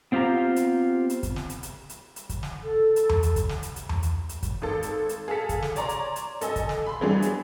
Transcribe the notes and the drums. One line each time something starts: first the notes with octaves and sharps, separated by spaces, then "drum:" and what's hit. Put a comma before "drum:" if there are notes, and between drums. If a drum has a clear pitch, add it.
B3 C4 F4 G4 C5 A#5
drum: hi-hat
drum: hi-hat
drum: kick, hi-hat
drum: snare
drum: hi-hat
drum: hi-hat
drum: hi-hat
drum: hi-hat
drum: kick, hi-hat
drum: snare
A4
drum: hi-hat
drum: tom E2
drum: hi-hat
drum: kick, hi-hat
drum: snare
drum: hi-hat
drum: hi-hat
drum: tom E2
drum: hi-hat
drum: hi-hat
drum: kick, hi-hat
G#1 A4
drum: hi-hat
drum: hi-hat
G#4 A4 F5 A5 B6 C#7
drum: kick, hi-hat
drum: snare
C#5 D5 A#5 C6, drum: hi-hat
drum: hi-hat
drum: hi-hat
A4 D#5 G#5 E6, drum: hi-hat
drum: kick, hi-hat
drum: snare
B5 C6
E3 F#3 G3 B3 D4 G#4
drum: hi-hat